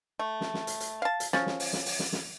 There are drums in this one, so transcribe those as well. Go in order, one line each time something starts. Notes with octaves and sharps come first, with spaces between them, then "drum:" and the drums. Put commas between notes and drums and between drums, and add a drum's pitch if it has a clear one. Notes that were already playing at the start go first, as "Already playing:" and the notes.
A3
drum: snare
drum: snare
drum: hi-hat
drum: hi-hat
F5 A5
drum: hi-hat
F3 C#4, drum: snare
drum: snare
drum: open hi-hat
drum: snare
drum: open hi-hat
drum: snare
drum: snare